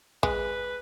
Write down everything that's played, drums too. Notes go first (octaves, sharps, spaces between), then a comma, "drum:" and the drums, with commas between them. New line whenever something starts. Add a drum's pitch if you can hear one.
G#3 B4, drum: kick